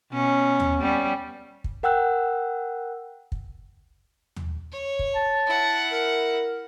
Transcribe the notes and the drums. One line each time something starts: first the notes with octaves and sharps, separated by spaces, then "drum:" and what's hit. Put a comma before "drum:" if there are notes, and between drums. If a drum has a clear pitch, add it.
B2 C#4
drum: tom D#2
G3 B3 C#4
drum: kick
A#4 F#5 G5 E6 F#6
drum: kick
drum: tom D#2
C#5
drum: kick
A5
E4 F#5
A#4